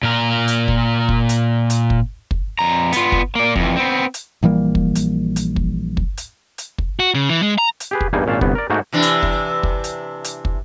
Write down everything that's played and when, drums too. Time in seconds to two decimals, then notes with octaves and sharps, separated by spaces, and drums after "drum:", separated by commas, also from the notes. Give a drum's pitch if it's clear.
0.03 A#2 A#4
0.48 drum: hi-hat
0.68 drum: kick
1.09 drum: kick
1.29 drum: hi-hat
1.70 drum: hi-hat
1.90 drum: kick
2.31 drum: kick
2.59 F2 A#5
2.92 B3 F4, drum: hi-hat
3.12 drum: kick
3.35 A#3 D5
3.56 F2 E3, drum: kick
3.77 B3 C4
4.14 drum: hi-hat
4.43 A#1 E3 G3 A#3
4.75 drum: kick
4.95 drum: hi-hat
5.36 drum: hi-hat
5.56 drum: kick
5.97 drum: kick
6.17 drum: hi-hat
6.58 drum: hi-hat
6.78 drum: kick
6.99 F#4
7.14 C#3
7.29 E3
7.43 G#3
7.58 A#5
7.80 drum: hi-hat
7.91 G4 G#4 B4
8.01 drum: kick
8.13 E2 G2 A#3 D#4 G#5
8.26 G#1 A#2 C#4 F5 A5
8.41 G1 C2 B3, drum: kick
8.55 A#4 D5
8.70 G#2 A3 A#3 D#4 F#4
8.93 C3 E3 D4
9.02 drum: hi-hat
9.23 drum: kick
9.63 drum: kick
9.84 drum: hi-hat
10.24 drum: hi-hat
10.45 drum: kick